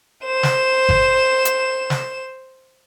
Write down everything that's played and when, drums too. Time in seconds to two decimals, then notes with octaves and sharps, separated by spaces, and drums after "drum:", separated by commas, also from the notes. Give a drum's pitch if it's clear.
0.24 C5 E7
0.43 drum: snare
0.89 drum: kick G#1
1.45 drum: hi-hat
1.90 drum: snare